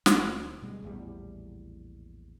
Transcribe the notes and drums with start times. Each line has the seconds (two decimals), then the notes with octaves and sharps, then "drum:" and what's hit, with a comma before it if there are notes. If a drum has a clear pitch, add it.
0.06 D2 C4, drum: snare
0.62 B2 G3 G#3
0.82 A#1 E2 A2 G3